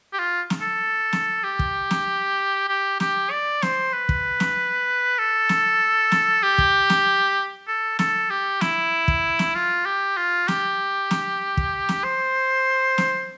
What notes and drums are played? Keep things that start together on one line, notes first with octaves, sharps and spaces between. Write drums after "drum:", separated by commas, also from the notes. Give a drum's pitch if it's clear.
G4
F4
drum: snare
A4
drum: snare
G4
drum: kick
drum: snare
G4
G4, drum: snare
D5
C5, drum: snare
B4
drum: kick
drum: snare
A4
drum: snare
drum: snare
G4
drum: kick
drum: snare
A4
A4, drum: snare
G4
E4, drum: snare
drum: kick
drum: snare
F4
G4
F4
G4, drum: snare
drum: snare
drum: kick
drum: snare
C5
drum: snare